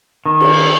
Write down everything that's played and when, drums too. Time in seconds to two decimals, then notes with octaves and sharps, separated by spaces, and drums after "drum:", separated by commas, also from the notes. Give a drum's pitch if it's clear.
0.26 D#3
0.40 drum: cymbal